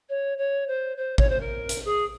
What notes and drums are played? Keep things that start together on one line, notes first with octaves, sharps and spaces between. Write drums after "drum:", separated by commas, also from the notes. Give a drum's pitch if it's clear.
C#5
C#5
C5
C5
C#5, drum: kick G#1
C5
A#4
drum: hi-hat
G#4